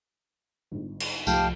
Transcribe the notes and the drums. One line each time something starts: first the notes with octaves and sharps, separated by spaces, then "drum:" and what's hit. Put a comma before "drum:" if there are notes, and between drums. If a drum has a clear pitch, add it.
G1 G#2
drum: cymbal
C2 G#2 F3 A3 G4 F5 G5 A5, drum: tambourine